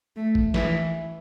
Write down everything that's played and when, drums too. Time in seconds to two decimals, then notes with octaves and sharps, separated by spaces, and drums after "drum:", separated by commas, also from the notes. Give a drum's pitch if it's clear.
0.16 A3
0.35 drum: kick G1
0.54 E3, drum: snare